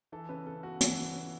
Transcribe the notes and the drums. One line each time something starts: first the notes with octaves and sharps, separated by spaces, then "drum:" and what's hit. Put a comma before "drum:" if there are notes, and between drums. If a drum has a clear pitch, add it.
E3 A4
C#3 B4
C#3 A4
B3 F#4
E3, drum: hi-hat
C#3
C#3